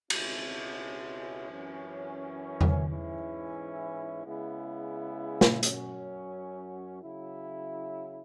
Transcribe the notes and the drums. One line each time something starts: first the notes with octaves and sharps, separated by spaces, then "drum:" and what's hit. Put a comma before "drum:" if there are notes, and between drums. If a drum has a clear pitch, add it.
C#2 B2 G#3 C#4 E4, drum: cymbal
F#2 E3 C#4
drum: tom E2
G#2 E3 C#4 E4
C#3 G#3 B3 E4
drum: snare
F#2 F#3 C#4, drum: hi-hat
C#3 F#3 E4